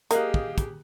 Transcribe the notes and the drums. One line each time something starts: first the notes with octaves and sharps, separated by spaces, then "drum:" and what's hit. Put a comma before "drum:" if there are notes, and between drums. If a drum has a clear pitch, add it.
A#3 G4 G#4 D#5 F5 F#6, drum: hi-hat
drum: kick
drum: kick, hi-hat